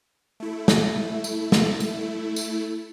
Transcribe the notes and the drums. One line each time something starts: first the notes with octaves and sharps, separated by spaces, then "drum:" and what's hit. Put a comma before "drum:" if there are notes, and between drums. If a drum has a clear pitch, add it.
A3 E4
drum: snare
drum: tambourine
drum: snare
drum: tambourine
drum: tambourine